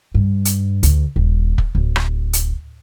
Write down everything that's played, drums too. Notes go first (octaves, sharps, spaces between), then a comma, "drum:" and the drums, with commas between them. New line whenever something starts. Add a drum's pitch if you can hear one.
G2
drum: hi-hat
D2, drum: hi-hat
D#1
drum: kick
D1
drum: rim click
drum: hi-hat